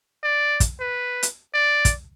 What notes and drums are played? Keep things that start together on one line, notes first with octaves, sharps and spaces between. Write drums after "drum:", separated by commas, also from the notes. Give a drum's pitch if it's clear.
D5
drum: kick, hi-hat
B4
drum: hi-hat
D5
drum: kick, hi-hat